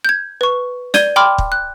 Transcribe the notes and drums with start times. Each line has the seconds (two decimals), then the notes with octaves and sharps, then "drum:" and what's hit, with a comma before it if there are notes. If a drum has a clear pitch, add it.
0.05 G6 G#6
0.41 B4 C#6
0.94 D5 G6 G#6 D#7 G7, drum: snare
1.16 G5 B5 C6 D6 F6
1.38 drum: kick
1.52 F#6